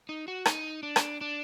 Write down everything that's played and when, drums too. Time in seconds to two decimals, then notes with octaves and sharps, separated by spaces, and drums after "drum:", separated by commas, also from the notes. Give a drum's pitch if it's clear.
0.09 D#4
0.28 F#4
0.46 D#4, drum: rim click
0.83 D4
0.96 drum: rim click
1.21 D4